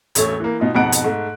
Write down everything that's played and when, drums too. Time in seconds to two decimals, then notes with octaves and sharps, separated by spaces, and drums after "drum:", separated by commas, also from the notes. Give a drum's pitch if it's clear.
0.15 E1 A1 A3 C#5, drum: hi-hat
0.40 E3 A#3
0.60 B2 D#4 F4
0.75 F2 G#2 B2 F#5 F#6 D7
0.92 drum: hi-hat
1.04 G#2 A3